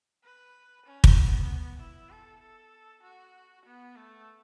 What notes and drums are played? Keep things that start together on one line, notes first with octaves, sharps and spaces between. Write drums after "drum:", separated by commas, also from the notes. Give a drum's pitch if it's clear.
B4
C#4
drum: kick
B3
E4
A4
A4
F#4
B3
A3